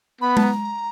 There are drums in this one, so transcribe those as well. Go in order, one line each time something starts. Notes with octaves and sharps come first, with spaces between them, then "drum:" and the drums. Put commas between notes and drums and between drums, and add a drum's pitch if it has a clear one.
B3 B5
A5, drum: tom G#3
A#5